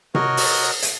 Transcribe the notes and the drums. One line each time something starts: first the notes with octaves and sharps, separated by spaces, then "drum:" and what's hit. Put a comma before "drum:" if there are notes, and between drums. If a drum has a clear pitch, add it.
F#4 A#4 C#5 D#5 F#5, drum: tom C3
drum: open hi-hat
drum: hi-hat